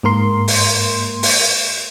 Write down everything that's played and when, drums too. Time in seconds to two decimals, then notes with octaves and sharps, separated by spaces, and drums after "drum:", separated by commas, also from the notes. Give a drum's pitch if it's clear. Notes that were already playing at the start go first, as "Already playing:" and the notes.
0.03 G#2 A#3 A#4 C6
0.48 drum: open hi-hat
1.23 drum: open hi-hat